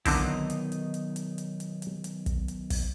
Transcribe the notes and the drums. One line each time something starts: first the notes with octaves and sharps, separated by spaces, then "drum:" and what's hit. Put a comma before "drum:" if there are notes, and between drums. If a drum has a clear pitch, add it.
B1 D3 D#3 C4 D#4 E4, drum: kick, open hi-hat
drum: hi-hat
drum: hi-hat
drum: hi-hat
drum: hi-hat
drum: hi-hat
drum: hi-hat
drum: hi-hat
drum: hi-hat
drum: kick, hi-hat
drum: hi-hat
drum: kick, open hi-hat